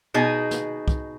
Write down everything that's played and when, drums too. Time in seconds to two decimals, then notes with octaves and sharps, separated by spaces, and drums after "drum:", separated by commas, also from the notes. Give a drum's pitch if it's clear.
0.14 B2 D#4 G#4
0.51 drum: snare
0.88 drum: kick